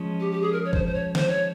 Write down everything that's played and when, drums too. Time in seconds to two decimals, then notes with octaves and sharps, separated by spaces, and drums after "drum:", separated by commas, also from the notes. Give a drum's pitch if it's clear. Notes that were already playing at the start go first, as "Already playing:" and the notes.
Already playing: F3 G#3 C#4
0.20 G4
0.32 G4
0.42 G#4
0.52 A#4
0.65 C#5
0.73 C5, drum: kick
0.86 C5
0.94 C#5
1.15 C5, drum: snare
1.29 C#5